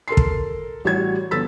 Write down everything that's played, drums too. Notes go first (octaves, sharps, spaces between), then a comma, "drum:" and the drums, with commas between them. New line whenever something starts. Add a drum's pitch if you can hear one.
A4 A#4 C6 C7
drum: kick
A1 G3 F#4 C#5 G#6
G1 B3 A4 E6 A6 B6